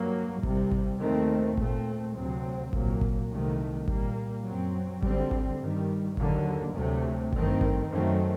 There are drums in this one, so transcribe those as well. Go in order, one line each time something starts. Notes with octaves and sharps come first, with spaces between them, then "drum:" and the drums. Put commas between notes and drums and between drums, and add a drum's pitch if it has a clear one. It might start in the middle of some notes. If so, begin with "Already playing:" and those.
Already playing: G2 F#3 A#3
C2 C3 G3, drum: kick G#1
drum: kick G#1
D#2 D#3 A3 C4
A#2 A3 C4, drum: kick G#1
D2 C3 F#3 C4
C2 A#2 F#3 A#3, drum: kick G#1
drum: kick G#1
C2 C3 D#3 A3
A#2 G3 A#3, drum: kick G#1
F#2 F#3 C4
D2 D3 G3 C4, drum: kick G#1
drum: kick G#1
G2 D#3 G3
D#2 D3 F#3 A#3, drum: kick G#1
D2 C3 F#3 A3
G2 D#3 A3 C4, drum: kick G#1
drum: kick G#1
F#2 D#3 F#3 A3 C4